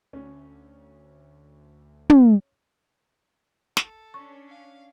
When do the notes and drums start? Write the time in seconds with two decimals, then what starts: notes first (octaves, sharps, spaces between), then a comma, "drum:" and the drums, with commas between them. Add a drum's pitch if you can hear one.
0.13 D2 C#4
2.10 drum: tom
3.77 A4, drum: snare
4.14 C#4 D4 C#6
4.48 F5